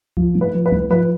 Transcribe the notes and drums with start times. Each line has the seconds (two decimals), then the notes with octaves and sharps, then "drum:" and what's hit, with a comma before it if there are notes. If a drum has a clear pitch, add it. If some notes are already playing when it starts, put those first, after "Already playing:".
0.17 F3, drum: kick C#2
0.35 A2
0.41 B4
0.54 F3
0.66 B4
0.72 A2, drum: kick C#2
0.90 F3 B4